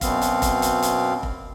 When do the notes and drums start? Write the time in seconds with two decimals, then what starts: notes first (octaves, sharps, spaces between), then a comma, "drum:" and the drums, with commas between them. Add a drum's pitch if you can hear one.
0.01 F#2 B2 B3 C4 F5, drum: kick F1, hi-hat
0.22 drum: hi-hat
0.42 drum: kick F1, hi-hat
0.62 drum: hi-hat
0.82 drum: hi-hat
1.23 drum: kick F1